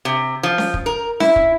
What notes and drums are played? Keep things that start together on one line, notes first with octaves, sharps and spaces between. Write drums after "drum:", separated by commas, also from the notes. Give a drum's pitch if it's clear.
C3
F3
drum: snare C#4
drum: kick
A#4
E4, drum: snare C#4
drum: kick